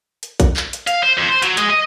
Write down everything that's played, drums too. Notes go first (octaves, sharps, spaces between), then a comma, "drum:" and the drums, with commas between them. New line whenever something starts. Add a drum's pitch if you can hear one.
drum: hi-hat
drum: kick, hi-hat
drum: clap
drum: hi-hat
F5, drum: hi-hat
C5
F2
C5
F#3, drum: hi-hat
G#3, drum: hi-hat
D#5